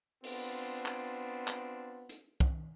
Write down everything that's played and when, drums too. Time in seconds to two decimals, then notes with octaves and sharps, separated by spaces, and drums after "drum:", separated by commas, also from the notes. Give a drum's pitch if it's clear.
0.24 B3 C4 D4 F4, drum: open hi-hat
0.86 drum: clap
1.48 drum: clap
2.09 drum: hi-hat
2.40 drum: kick